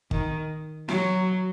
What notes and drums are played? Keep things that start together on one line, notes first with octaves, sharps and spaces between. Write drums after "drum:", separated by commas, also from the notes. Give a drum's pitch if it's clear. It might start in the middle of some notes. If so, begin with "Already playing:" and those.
D#3, drum: kick
F#3, drum: snare